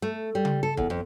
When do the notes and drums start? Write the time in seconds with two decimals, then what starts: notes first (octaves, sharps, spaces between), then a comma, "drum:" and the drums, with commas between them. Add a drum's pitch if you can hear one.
0.02 A3
0.35 G3
0.45 drum: tom C#3
0.63 A4
0.77 E2, drum: kick
0.90 F2